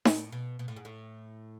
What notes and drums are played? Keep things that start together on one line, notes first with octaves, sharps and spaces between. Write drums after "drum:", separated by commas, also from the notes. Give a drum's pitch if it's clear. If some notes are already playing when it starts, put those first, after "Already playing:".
A2, drum: snare D#4
B2
B2
A2
G#2
A2